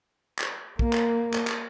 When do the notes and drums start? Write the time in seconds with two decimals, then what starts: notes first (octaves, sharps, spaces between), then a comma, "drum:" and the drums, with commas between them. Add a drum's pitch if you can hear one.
0.39 drum: clap
0.79 A#3, drum: kick
0.93 drum: clap
1.34 drum: clap
1.47 drum: clap